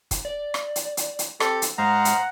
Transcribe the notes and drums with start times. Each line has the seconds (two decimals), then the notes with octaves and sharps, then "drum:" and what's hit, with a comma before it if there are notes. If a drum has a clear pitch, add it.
0.11 drum: kick, hi-hat
0.25 D5
0.54 drum: rim click
0.76 drum: hi-hat
0.97 drum: hi-hat
1.19 drum: hi-hat
1.40 C4 G4 A4, drum: rim click
1.62 drum: hi-hat
1.78 G#2 G#3 C5 D#5 F5 F#5 A#5
2.05 drum: hi-hat